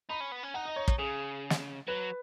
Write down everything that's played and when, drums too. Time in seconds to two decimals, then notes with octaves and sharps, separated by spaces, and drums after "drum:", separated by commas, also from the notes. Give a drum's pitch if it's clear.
0.09 D#4 B5
0.20 C#4
0.32 B3
0.43 C#4
0.54 D#4 F#5
0.65 D#5
0.76 C#5
0.88 C#5, drum: kick
0.98 C#3 G#4
1.50 drum: snare
1.87 F#3 B4